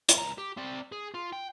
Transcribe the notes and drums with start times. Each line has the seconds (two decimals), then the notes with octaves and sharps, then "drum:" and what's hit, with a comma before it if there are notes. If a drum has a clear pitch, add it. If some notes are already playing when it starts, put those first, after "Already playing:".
0.09 drum: hi-hat
0.18 C#2 A#5
0.38 G4
0.57 C4 D5
0.92 G#4
1.14 F4
1.33 G5